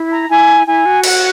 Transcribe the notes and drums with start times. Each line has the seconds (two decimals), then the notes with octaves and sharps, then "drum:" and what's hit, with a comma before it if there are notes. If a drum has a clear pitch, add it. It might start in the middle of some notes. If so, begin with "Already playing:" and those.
Already playing: E4
0.11 A#5
0.30 E4 G#5
0.66 E4 G#5
0.86 F#4
1.04 F#5, drum: cymbal